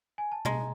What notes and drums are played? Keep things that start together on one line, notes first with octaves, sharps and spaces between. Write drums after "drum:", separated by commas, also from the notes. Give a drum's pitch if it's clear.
G#5
A5
G#3 A#5, drum: tom B2